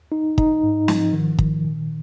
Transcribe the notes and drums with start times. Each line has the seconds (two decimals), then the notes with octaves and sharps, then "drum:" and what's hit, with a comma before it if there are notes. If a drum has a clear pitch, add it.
0.12 D#4
0.38 D#4, drum: kick
0.63 G#2
0.88 F3, drum: snare
1.13 D#3
1.39 D#3, drum: kick
1.64 A#2